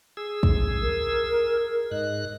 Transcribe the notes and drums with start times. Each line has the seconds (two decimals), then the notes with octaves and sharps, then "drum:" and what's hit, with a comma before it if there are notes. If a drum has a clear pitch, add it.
0.17 G#4 E6
0.43 drum: kick
0.82 A#4
1.91 G#2 D#5 F#6